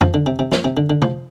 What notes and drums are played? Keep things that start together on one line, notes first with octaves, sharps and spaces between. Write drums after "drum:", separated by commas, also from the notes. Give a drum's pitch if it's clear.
F3, drum: tom
D3
C3
C3
A#2, drum: snare
C3
D3
D3
F3, drum: tom